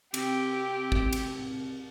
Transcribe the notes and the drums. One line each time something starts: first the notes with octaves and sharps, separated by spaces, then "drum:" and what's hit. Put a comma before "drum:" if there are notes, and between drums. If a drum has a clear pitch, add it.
C3 C4 G4, drum: cymbal
drum: kick
drum: cymbal